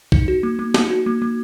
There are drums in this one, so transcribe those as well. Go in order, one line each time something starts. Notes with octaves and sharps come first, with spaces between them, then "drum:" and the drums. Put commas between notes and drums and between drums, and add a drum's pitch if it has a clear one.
D#4, drum: kick
F#4
A#3
A#3
D#4, drum: snare
F#4
A#3
A#3